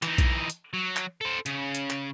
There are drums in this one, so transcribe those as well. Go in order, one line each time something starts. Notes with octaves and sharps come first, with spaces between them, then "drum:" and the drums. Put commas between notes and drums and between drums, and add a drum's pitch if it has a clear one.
E3 D#4, drum: clap
drum: kick A#1, hi-hat
drum: hi-hat
F#3
drum: clap
A4 C5
C#3, drum: hi-hat
drum: hi-hat
drum: clap